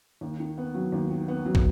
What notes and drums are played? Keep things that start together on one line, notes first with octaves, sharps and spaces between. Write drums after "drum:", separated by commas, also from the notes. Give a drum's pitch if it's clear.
D#2
D#3
B3
F#3
D#2
D#3
B3
F#3
drum: kick